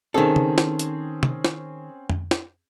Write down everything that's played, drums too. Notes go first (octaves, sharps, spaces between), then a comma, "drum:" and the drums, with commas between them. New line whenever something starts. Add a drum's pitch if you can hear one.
D#3 C4 C#4 G#4 A4
drum: tom C#3
drum: snare
drum: hi-hat
drum: tom
drum: snare
drum: tom F2
drum: snare